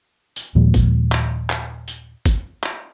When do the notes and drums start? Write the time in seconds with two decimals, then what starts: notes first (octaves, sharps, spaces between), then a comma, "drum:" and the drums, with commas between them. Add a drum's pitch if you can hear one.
0.36 drum: tambourine
0.55 D#2 A#2 F3 G#3
0.74 drum: kick, tambourine
1.12 drum: clap
1.50 drum: clap
1.88 drum: tambourine
2.26 drum: kick, tambourine
2.63 drum: clap